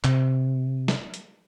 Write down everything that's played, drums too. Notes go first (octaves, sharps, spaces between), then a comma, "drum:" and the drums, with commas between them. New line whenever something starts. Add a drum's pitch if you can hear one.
C3, drum: clap
drum: snare
drum: hi-hat